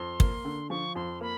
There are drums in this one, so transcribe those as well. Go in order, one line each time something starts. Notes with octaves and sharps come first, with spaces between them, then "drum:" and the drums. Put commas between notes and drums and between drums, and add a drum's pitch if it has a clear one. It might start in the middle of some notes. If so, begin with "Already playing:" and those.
Already playing: F2 C6
A#3, drum: kick
D3
F3 C#6
F2 C6
A#3 B5